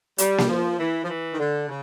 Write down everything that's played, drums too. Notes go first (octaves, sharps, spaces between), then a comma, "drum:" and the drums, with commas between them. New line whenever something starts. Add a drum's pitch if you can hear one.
G3, drum: hi-hat
drum: snare A#3
F3
E3
F3
E3
D#3
D3
C#3